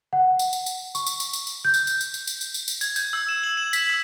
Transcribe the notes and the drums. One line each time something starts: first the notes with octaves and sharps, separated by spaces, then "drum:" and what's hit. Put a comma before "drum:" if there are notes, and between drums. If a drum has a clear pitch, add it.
F#5
drum: tambourine
drum: tambourine
drum: tambourine
C#6, drum: tambourine
drum: tambourine
drum: tambourine
drum: tambourine
drum: tambourine
G6
drum: tambourine
drum: tambourine
drum: tambourine
drum: tambourine
drum: tambourine
drum: tambourine
drum: tambourine
drum: tambourine
G#6, drum: tambourine
G6, drum: tambourine
E6
E7
F#7
E7
B6, drum: tambourine
E6